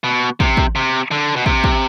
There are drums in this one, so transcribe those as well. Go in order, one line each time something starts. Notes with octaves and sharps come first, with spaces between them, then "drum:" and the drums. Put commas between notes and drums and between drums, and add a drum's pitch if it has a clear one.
B2
C3, drum: kick
drum: kick
C3
D3
B2
C3, drum: kick
drum: kick